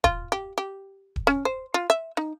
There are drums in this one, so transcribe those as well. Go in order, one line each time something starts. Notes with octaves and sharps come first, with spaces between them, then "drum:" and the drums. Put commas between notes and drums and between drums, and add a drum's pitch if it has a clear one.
F4, drum: kick D#1
G4
G4
drum: kick D#1
C#4
C5
F4
E5
D#4